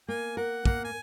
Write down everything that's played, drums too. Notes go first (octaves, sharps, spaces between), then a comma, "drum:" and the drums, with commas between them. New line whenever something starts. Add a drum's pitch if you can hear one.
A#3 G#5
A#4 F#5
A#3 F#5, drum: kick
G#5